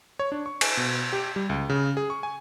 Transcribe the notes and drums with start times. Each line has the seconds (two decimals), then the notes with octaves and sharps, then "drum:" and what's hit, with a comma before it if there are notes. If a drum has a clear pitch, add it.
0.19 C#5
0.32 D4
0.46 C#6
0.61 G#5, drum: cymbal
0.77 B2
1.13 G4
1.36 G3
1.50 C#2
1.69 C#3
1.97 G#4
2.10 C#6
2.23 G#5